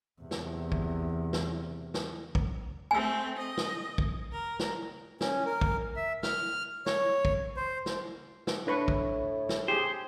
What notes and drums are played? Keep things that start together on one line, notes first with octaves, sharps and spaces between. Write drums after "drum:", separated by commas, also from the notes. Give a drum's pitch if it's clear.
E2 C3
drum: snare
drum: kick
drum: snare
drum: snare
drum: kick
A3 C4 G#5 E6
D#5
drum: snare
drum: kick
A#4
drum: snare
C#4, drum: snare
A#4
drum: kick
E5
F6, drum: snare
C#5, drum: snare
drum: kick
C5
drum: snare
drum: snare
A2 D4 B4 C#6
drum: kick
drum: snare
G4 G#4 C5